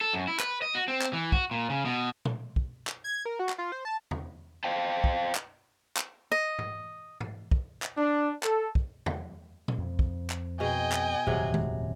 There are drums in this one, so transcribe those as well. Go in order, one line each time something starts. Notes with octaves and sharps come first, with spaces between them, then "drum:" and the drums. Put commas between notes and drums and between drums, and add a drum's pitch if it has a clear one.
A4
F#2
E4
B4, drum: clap
D#5
F#4
C4
drum: clap
E3
F#4, drum: kick
A#2
C#3
B2
drum: tom A#2
drum: kick
drum: clap
G#6
A#4
F#4
drum: clap
F4
C5
A5
drum: tom E2
C5 F5 G5 A5
drum: kick
drum: clap
drum: clap
D#5
drum: tom G#2
drum: tom G#2
drum: kick
drum: clap
D4
A4, drum: clap
drum: kick
drum: tom E2
drum: tom A#2
F2
drum: kick
drum: clap
B2 G#4 D#5 G5 G#5
drum: clap
D#1 F2 C3 F#3 G#4
drum: tom D#3